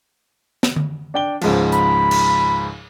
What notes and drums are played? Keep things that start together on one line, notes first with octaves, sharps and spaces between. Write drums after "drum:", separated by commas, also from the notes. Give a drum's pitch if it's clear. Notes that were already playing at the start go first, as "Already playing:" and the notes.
drum: snare
drum: tom D3
D4 G5 G7
C#2 G#2 F3, drum: cymbal
B5, drum: hi-hat
drum: cymbal